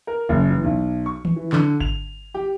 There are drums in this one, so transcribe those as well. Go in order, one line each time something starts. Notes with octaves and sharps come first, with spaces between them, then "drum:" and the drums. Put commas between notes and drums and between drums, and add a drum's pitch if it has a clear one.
A#4
F#1
E3
B1
C#6
drum: tom D#3
E3
D3, drum: clap
F7, drum: kick G#1
G4